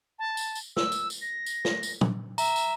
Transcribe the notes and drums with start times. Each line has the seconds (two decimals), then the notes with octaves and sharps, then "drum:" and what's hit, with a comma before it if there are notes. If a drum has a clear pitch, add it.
0.19 A5
0.37 drum: tambourine
0.55 drum: tambourine
0.77 E6, drum: snare
0.92 drum: tambourine
1.10 drum: tambourine
1.22 A#6
1.46 drum: tambourine
1.65 drum: snare
1.83 drum: tambourine
2.01 drum: tom
2.38 E5 A#5, drum: tambourine
2.56 drum: tambourine